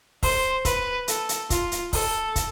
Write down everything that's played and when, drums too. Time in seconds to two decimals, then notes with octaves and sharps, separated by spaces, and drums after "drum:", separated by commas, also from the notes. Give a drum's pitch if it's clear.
0.23 C5, drum: kick, open hi-hat
0.65 B4, drum: kick, hi-hat
1.08 A4, drum: hi-hat
1.29 drum: hi-hat
1.50 F4, drum: kick, hi-hat
1.72 drum: hi-hat
1.93 A4, drum: kick, open hi-hat
2.36 drum: kick, hi-hat